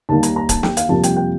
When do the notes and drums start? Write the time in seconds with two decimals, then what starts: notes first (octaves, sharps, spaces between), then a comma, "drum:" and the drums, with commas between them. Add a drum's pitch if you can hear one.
0.09 D#2 D#3 G3 A#3 A5
0.23 A#5, drum: hi-hat
0.36 A#5
0.49 A5, drum: kick C#1, hi-hat
0.63 G5, drum: snare
0.77 F5, drum: hi-hat
0.89 F2 C3 G3 A#3 A5
1.04 G5, drum: hi-hat
1.16 G5